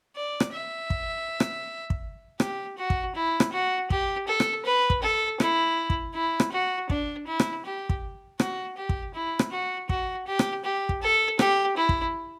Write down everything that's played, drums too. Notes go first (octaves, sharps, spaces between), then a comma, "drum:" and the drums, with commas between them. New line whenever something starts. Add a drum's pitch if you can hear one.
D5
drum: rim click
E5
drum: kick
drum: rim click
drum: kick
G4, drum: rim click
F#4
drum: kick
E4
drum: rim click
F#4
G4, drum: kick
A4
drum: rim click
B4
drum: kick
A4
E4, drum: rim click
drum: kick
E4
drum: rim click
F#4
D4, drum: kick
E4
drum: rim click
G4
drum: kick
F#4, drum: rim click
G4
drum: kick
E4
drum: rim click
F#4
F#4, drum: kick
G4
drum: rim click
G4
drum: kick
A4
G4, drum: rim click
E4
drum: kick